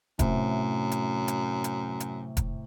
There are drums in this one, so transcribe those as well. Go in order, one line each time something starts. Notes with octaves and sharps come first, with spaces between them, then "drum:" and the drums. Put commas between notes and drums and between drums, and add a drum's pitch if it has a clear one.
F#2 A2 C3 E5, drum: kick E1, hi-hat
drum: hi-hat
drum: hi-hat
drum: hi-hat
drum: hi-hat
drum: kick E1, hi-hat